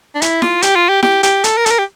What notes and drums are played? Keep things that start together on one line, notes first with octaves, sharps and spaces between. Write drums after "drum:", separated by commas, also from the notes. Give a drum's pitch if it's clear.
D4
E4, drum: hi-hat
F4, drum: snare E4
G4, drum: hi-hat
F4
G4
G4, drum: snare E4
G4, drum: hi-hat
A4, drum: hi-hat
A#4
A4, drum: hi-hat
A#4
G4